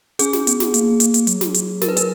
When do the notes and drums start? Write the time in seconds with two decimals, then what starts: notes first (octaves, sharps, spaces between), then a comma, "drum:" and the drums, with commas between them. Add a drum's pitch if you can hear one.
0.19 C#4 G#4, drum: hi-hat
0.33 drum: snare
0.47 B3, drum: hi-hat
0.60 drum: snare
0.74 A#3, drum: hi-hat
1.00 A#3, drum: hi-hat
1.14 drum: hi-hat
1.27 F#3, drum: hi-hat
1.41 drum: snare
1.54 drum: hi-hat
1.82 A#4, drum: snare
1.88 B4
1.97 A#4, drum: hi-hat